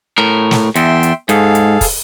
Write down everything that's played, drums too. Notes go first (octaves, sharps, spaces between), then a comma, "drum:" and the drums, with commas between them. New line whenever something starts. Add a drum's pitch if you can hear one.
A2 A#4
drum: snare
E2 E5 G5 C6, drum: hi-hat
drum: hi-hat
G#2 G#4 A4 F5, drum: hi-hat
drum: hi-hat
drum: kick, open hi-hat